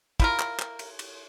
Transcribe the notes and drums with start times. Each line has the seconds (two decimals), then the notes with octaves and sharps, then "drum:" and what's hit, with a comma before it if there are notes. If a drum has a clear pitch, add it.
0.20 E4 F4 A#4, drum: kick, cymbal
0.39 drum: clap
0.59 drum: clap
0.79 drum: cymbal
0.99 drum: cymbal